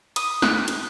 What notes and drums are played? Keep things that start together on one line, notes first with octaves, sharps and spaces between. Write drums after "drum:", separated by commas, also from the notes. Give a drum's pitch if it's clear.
D#6, drum: cymbal
F#6, drum: snare
drum: cymbal